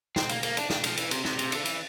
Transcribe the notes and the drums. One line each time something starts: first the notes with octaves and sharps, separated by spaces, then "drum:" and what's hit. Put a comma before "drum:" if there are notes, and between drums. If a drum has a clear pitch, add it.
C4, drum: snare
A#3, drum: cymbal
A#3, drum: cymbal
D4, drum: cymbal
D4, drum: snare
F3, drum: cymbal
E3, drum: cymbal
C3, drum: cymbal
C3, drum: snare
C3, drum: cymbal
D3, drum: cymbal
E3, drum: cymbal